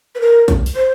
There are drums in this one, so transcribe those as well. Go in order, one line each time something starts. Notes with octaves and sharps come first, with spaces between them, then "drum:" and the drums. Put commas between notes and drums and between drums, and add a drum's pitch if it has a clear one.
B4
A#4
drum: kick A#1, hi-hat
drum: open hi-hat
C5